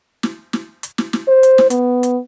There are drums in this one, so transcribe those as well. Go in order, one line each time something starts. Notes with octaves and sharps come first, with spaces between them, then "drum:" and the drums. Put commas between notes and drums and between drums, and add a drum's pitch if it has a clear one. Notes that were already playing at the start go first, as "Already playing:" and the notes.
drum: snare
drum: snare
drum: hi-hat
drum: snare
drum: snare
C5
drum: hi-hat
drum: snare
B3, drum: hi-hat
drum: hi-hat